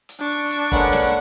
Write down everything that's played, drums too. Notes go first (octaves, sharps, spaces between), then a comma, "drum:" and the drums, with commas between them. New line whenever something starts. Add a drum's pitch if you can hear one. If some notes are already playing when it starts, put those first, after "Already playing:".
drum: hi-hat
D4 C#6
drum: hi-hat
D3 G#3 A#3 C#4 B4 F#5, drum: kick
drum: snare